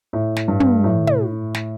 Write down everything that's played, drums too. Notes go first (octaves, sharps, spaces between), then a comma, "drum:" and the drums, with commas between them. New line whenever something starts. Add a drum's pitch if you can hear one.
A2
drum: snare
G2
drum: tom
A2
drum: tom
drum: snare